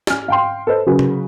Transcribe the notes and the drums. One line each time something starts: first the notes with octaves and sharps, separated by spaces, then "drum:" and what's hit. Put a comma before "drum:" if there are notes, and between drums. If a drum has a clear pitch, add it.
G#5 F6, drum: snare
F5 G5 C6
A4 B4 C5 D#5
C#3 F#3 F#4 G#4 A#4 B4
drum: tom